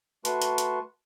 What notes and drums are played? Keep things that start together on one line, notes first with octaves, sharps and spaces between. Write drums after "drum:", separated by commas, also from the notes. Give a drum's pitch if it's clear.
A3 F#4 B4 A5 C6 C#6, drum: hi-hat
drum: hi-hat
drum: hi-hat